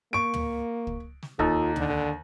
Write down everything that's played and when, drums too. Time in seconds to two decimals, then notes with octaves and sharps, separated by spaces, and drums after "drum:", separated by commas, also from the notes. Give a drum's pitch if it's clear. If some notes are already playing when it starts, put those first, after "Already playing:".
0.13 A#3 C#6 D7
0.34 drum: tom
0.87 drum: kick
1.23 drum: snare
1.39 D#2 D#4 F4 A4, drum: kick
1.76 D3, drum: tom